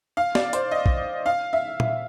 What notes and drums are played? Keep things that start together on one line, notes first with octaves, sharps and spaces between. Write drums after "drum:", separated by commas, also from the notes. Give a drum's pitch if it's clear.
F5
D5, drum: snare
C5, drum: hi-hat
D#5
drum: kick A#1
F5
E5
drum: tom A#2